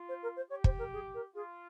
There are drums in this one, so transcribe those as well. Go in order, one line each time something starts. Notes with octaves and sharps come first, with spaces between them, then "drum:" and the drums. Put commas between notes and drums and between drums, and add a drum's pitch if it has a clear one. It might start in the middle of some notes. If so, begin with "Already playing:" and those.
Already playing: F4
C5
A#4
C5
G4 C#5
C5, drum: kick
A#4
G#4
A#4
F4 G#4